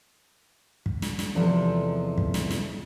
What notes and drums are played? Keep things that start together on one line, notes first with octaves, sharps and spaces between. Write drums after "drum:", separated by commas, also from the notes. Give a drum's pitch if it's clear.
drum: kick
drum: snare
drum: snare
E2 C3 F3 G#3 F4 A4
drum: kick
drum: snare
drum: snare